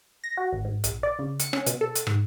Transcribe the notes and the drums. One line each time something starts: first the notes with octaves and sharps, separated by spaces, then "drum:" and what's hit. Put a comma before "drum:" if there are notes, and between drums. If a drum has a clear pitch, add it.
A#6
F#4
G#1
G#2
A#1, drum: hi-hat
D5
C#3
C#7, drum: hi-hat
C#4, drum: rim click
B2, drum: hi-hat
A4
drum: hi-hat
G#2, drum: rim click